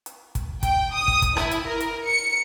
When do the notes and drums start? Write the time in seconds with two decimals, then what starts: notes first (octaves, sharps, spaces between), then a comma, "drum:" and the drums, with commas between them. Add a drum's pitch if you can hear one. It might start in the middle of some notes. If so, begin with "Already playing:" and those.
0.06 drum: hi-hat
0.35 drum: kick, hi-hat
0.63 G5, drum: kick, hi-hat
0.93 D#6
1.08 drum: kick
1.22 drum: kick, hi-hat
1.37 E4, drum: rim click
1.51 drum: hi-hat
1.67 A#4
1.80 drum: hi-hat
2.06 C#7